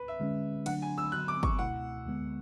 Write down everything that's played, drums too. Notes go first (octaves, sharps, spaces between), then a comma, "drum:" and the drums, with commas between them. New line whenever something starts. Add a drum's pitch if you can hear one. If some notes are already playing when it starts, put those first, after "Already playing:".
Already playing: B4
E5
D3 G#3 C#4
D3 F#3 A3 D4 F#5, drum: cymbal
G#5
E6
D3 F#3 B3 F#4 F#6
D6
C#6, drum: kick
C#2 B2 A3 E4 F#5
D2 D3 G#3 B3